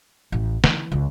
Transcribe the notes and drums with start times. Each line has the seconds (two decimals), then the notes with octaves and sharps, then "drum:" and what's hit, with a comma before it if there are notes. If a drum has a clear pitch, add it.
0.32 A1
0.64 E3, drum: snare
0.92 C#2